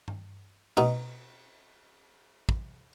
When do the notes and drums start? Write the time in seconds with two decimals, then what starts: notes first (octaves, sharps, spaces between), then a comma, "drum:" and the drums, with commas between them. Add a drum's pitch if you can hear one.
0.08 drum: tom G2
0.77 B2 D#4, drum: cymbal
2.49 drum: kick